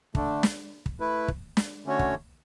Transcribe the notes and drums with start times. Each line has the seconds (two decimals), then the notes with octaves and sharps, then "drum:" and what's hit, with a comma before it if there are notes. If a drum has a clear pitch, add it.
0.15 D3 A3 D4, drum: kick
0.43 drum: snare
0.86 drum: kick
1.00 A3 E4 B4
1.28 drum: kick
1.57 drum: snare
1.86 D3 A3 C#4 F#4 C#5
1.99 drum: kick